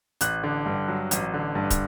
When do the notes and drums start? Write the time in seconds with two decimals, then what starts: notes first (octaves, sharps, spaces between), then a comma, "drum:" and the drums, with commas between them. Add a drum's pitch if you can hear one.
0.21 A1 F#6, drum: hi-hat
0.43 D3
0.66 G2
0.88 F#3
1.11 A1, drum: hi-hat
1.34 D3
1.55 G2
1.71 drum: kick, hi-hat